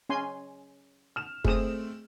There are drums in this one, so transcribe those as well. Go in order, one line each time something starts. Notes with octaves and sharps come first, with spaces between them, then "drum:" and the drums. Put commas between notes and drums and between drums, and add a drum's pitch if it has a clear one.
C#4 G#5 C6
F6 E7
A3 C4 G#4 D#6 E7, drum: kick